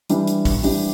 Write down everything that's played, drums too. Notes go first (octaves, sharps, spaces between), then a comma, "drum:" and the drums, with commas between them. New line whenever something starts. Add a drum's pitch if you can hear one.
E3 G3 D4 G4, drum: hi-hat
drum: hi-hat
drum: kick, open hi-hat
E3 G3 D4 G4, drum: open hi-hat